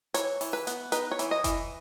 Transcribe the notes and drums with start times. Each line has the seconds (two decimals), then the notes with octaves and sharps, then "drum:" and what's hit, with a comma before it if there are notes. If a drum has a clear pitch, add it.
0.14 E3 C#5, drum: hi-hat
0.41 E3, drum: open hi-hat
0.53 B4
0.67 B3, drum: hi-hat
0.92 D#4 B4, drum: hi-hat
1.11 C#5
1.19 E3, drum: hi-hat
1.31 D#5
1.44 E3, drum: kick F#1, hi-hat